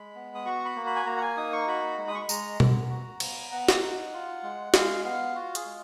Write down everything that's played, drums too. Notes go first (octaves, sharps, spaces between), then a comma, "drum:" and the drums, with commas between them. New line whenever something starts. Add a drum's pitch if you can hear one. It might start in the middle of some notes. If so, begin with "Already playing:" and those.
Already playing: G#3 B5
B3
D#6
F#4 C#6
B5
A#3
B5
G#5
A#3 A#5
F#5
G#5
D#4 D#6
C#6
F#4 B5
G#3
D#6
C#6
B5
G#3 A#5, drum: tambourine
B3, drum: tom B2
F#4
B3, drum: cymbal
B3 F#5
drum: snare
D#4
F4
G#3
G#3 F5, drum: snare
B3 F5
F4 F#4
G#4, drum: hi-hat
G#3